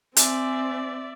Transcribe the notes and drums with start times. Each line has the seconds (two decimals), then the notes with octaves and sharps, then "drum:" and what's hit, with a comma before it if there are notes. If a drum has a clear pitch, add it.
0.17 C4 D5 E5 G#5, drum: hi-hat